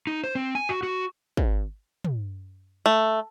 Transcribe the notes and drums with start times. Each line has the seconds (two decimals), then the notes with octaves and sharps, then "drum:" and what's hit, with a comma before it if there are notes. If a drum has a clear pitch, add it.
0.07 D#4
0.23 C5
0.35 C4
0.55 G#5
0.69 F#4
0.83 F#4
1.37 drum: kick
2.04 drum: tom
2.86 A3